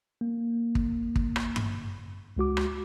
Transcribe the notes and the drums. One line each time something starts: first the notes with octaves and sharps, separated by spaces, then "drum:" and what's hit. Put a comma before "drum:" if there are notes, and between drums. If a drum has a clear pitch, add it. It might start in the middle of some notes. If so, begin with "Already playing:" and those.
A#3
drum: kick
drum: kick
drum: rim click
drum: tom G2
C#2 G#3 F#4 D6
drum: rim click